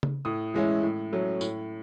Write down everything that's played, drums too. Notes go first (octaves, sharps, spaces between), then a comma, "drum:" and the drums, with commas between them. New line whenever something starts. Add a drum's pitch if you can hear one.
drum: tom C#3
A2 D#6
E3 G#3 C#4 E4
A2
F#3 A3 C#4
A2, drum: tambourine